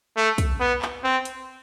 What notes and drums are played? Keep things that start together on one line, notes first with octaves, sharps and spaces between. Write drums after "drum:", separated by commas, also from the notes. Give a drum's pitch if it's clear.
A3
drum: kick, hi-hat
B3
drum: clap
C4
drum: hi-hat